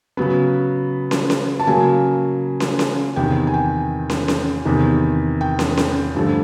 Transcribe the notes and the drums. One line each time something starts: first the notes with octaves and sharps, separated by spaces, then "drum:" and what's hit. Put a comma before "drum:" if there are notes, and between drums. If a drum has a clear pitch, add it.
C#3 F#3 B3
drum: snare
drum: snare
A5
C#3 F#3 A#3 G#5
drum: snare
drum: snare
E2 C3 D#3 G5
G#5
G5
drum: snare
drum: snare
E2 C3 D#3
G5
drum: snare
drum: snare
G2 D3 F3 A3